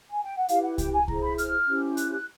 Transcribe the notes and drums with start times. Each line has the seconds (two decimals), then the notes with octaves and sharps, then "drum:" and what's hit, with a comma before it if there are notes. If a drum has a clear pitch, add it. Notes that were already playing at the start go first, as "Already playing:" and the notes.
0.11 G#5
0.23 G5
0.36 F#5
0.48 E4 G4 B4 F5, drum: hi-hat
0.63 F#5
0.78 G5, drum: kick C2, hi-hat
0.93 G#5
1.08 E4 G#4 C5 A#5, drum: kick C2
1.23 B5
1.38 F6, drum: hi-hat
1.67 C#4 E4 G4 C5
1.97 F#6, drum: hi-hat
2.12 F#6